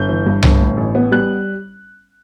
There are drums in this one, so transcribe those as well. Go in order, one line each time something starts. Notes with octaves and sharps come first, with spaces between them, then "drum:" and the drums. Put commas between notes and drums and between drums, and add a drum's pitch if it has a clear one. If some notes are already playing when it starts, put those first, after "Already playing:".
Already playing: G1 G6
E3
G2
G1, drum: tom C2
A2
A1
B3
G3 F#6